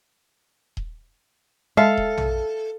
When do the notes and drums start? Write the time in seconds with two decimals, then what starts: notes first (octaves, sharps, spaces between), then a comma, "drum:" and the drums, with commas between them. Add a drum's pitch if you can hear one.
0.77 drum: kick D#1
1.77 G#3 A4 E5 F5
1.97 drum: kick D#1
2.18 drum: tom A#1